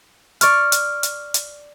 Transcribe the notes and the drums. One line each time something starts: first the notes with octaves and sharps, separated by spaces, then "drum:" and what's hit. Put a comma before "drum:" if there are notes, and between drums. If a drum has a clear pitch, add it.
D5 C#6 F6, drum: hi-hat
drum: hi-hat
drum: hi-hat
drum: hi-hat